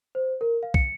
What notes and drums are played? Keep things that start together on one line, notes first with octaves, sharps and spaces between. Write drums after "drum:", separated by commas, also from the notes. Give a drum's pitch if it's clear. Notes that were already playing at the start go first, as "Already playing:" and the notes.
C5
A#4
F5
C#7, drum: kick